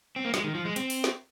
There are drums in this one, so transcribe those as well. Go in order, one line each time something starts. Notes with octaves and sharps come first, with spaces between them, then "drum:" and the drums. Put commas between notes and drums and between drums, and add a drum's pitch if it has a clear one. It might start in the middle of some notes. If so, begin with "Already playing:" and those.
C4
A#3
G#3, drum: snare
D#3
F3
G#3
C4, drum: hi-hat
drum: open hi-hat
drum: snare